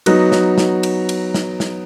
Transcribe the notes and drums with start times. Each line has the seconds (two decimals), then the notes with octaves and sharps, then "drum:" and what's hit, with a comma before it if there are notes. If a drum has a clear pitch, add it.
0.06 F#3 B3 D#4 F#4, drum: cymbal
0.32 drum: snare
0.58 drum: snare
0.83 drum: cymbal
1.09 drum: cymbal
1.34 drum: snare
1.60 drum: snare